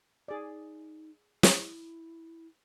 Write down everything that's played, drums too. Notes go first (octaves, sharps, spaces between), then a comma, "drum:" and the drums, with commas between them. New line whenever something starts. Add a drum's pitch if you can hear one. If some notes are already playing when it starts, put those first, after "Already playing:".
D#4 G#4 D5
E4, drum: snare